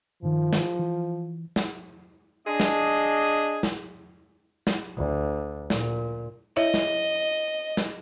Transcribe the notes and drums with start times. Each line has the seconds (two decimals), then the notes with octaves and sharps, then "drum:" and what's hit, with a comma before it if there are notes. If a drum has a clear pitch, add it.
0.23 G2 D#3 F3
0.53 drum: snare
0.79 E3
1.56 drum: snare
2.46 D4 G#4 D#5
2.60 drum: snare
3.63 drum: snare
4.67 drum: snare
4.97 D2
5.70 A#2, drum: snare
6.57 E4 C#5 D#5 E5
6.74 drum: snare
7.77 drum: snare